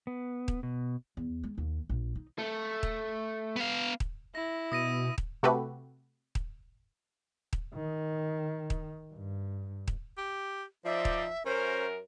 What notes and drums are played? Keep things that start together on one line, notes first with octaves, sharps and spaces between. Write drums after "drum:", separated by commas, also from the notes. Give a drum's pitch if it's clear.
B3
drum: kick D#1
B2
E2
G#3
D#2
A#1
D#4
A3
drum: kick D#1
B3 F5
drum: kick D#1
E4 A#6
B2 D#6 A#6 D#7
drum: kick D#1
C3 A3 F#4 G4 A4 B4
drum: kick D#1
drum: kick D#1
D#3
drum: kick D#1
G2
drum: kick D#1
G4
F3 D#4 C5 D5 E5
drum: kick D#1
F#2 C#4 A#4 C5